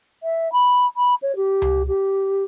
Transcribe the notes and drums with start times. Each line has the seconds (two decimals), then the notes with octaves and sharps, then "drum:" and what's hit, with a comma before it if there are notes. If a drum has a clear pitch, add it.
0.23 E5
0.52 B5
0.96 B5
1.22 C#5
1.36 G4
1.62 drum: tom C#2
1.88 G4